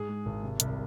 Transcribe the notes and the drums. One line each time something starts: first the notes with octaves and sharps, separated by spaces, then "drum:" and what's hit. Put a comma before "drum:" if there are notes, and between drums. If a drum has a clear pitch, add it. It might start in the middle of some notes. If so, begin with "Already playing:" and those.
Already playing: G#2 G#4
G#3
G#1
C3
C2, drum: hi-hat